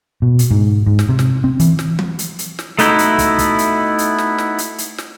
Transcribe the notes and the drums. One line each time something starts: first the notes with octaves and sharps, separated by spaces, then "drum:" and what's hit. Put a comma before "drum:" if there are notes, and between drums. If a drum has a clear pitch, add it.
B2
drum: hi-hat
G#2
G#2
drum: snare
C3
drum: snare
C4
E3, drum: hi-hat
drum: snare
drum: tom E3
drum: hi-hat
drum: hi-hat
drum: snare
A3 B3 D#4 E4 F#4, drum: hi-hat
drum: hi-hat
drum: kick, hi-hat
drum: kick, hi-hat
drum: hi-hat
drum: hi-hat
drum: snare
drum: snare
drum: hi-hat
drum: hi-hat
drum: snare